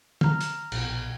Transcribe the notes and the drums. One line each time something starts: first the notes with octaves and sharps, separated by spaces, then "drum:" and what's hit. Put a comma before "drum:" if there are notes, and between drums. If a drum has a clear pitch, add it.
A#5 F6, drum: tom
drum: hi-hat
A#1 B2, drum: cymbal